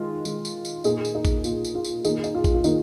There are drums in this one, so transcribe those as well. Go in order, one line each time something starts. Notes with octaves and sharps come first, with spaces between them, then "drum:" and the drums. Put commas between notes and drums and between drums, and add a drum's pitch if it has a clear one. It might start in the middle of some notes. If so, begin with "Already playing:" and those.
Already playing: D#3 G#3 F4
D#3 G#3, drum: tambourine
drum: tambourine
drum: tambourine
A#2 A#3 D#4 G#4, drum: tambourine
drum: tambourine
D#4 G#4
drum: kick A1, tambourine
A#2 A#3 F4, drum: tambourine
drum: tambourine
F4
drum: tambourine
D#3 A#3 D#4 G#4, drum: tambourine
D#4, drum: tambourine
F4
drum: kick A1, tambourine
F4
D#3 A#3 D#4, drum: tambourine